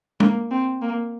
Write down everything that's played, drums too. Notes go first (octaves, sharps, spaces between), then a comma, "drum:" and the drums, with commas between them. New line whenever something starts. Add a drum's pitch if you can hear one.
A#3, drum: tom G#3
C4
A#3